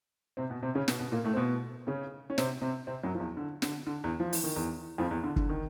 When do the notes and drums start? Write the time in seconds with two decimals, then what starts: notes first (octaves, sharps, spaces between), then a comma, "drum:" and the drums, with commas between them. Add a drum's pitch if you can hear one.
0.37 C3 C4
0.50 B2 B3
0.62 C3 C4
0.75 C#3 C#4
0.88 B2 B3, drum: snare
1.00 B2 B3
1.12 A#2 A#3
1.24 A2 A3
1.34 C4
1.37 B2 B3
1.87 C#3 C#4
2.30 C#4
2.38 C3 C4, drum: snare
2.61 C3 C4
2.87 C3 C4
3.03 F#2 F#3
3.15 F3
3.20 E2 E3
3.37 D3
3.62 D3, drum: snare
3.87 D3
4.04 E2 E3
4.20 F3
4.33 E3, drum: open hi-hat
4.44 D#3
4.56 E2 E3
4.98 F2 F3
5.11 E2 E3
5.24 D3
5.36 D3, drum: kick
5.49 D#3